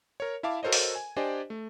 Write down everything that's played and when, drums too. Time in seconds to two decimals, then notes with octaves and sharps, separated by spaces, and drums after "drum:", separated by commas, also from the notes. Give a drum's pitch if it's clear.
0.20 A#4 C#5
0.43 E4 E5 F5 A5 D6
0.63 F#4 A4 A#4 C5 C#5 D#5
0.73 drum: open hi-hat
0.95 G#5
1.16 D4 G4 C5 D5 D#5 G#5
1.50 A3